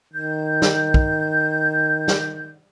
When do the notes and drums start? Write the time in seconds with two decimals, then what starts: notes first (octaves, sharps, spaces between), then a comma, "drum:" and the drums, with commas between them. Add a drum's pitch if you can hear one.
0.13 D#3 G6
0.62 drum: snare
0.94 drum: kick
2.08 drum: snare